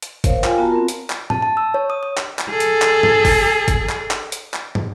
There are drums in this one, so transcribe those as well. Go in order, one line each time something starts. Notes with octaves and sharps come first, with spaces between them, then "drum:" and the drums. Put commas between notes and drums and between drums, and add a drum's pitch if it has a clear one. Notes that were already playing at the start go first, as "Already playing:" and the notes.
drum: hi-hat
A#4 C5 C#5 F5, drum: kick G1, hi-hat
F4 A#4 F5 G5 G#5, drum: clap
B3 F4 F#4 A5 A#5
C4 F4 A#4
drum: hi-hat
drum: clap
A5, drum: tom
A5
E6
C#5
D#6
D#6
drum: clap
drum: clap
G#4 A4
drum: hi-hat
drum: clap
drum: tom
drum: kick G1, open hi-hat
drum: kick G1, hi-hat
drum: clap
drum: clap
drum: hi-hat
drum: clap
drum: tom